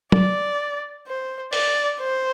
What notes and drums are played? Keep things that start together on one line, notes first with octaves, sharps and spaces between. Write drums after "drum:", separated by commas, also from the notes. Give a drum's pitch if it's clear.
D5, drum: tom
C5
D5, drum: open hi-hat
C5